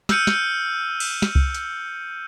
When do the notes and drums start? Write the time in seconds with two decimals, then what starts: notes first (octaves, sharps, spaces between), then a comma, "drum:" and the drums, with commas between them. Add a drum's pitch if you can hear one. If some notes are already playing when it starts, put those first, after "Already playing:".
0.09 E6 F6 G6 C#7 D#7, drum: snare
0.27 drum: snare
1.00 drum: cymbal
1.22 drum: snare
1.35 drum: kick C2
1.55 drum: hi-hat